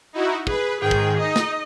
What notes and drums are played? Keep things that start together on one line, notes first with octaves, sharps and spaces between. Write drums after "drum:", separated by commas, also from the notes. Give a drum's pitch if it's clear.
D#4 E4 F#4
G#4 B4, drum: kick
G#2 D#3 G#4 G5
drum: kick
D#4 D#5
drum: snare